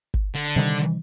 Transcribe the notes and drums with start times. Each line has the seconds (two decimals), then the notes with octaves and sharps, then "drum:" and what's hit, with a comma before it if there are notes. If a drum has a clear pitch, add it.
0.14 drum: kick
0.35 D3
0.56 C3 D#3 G3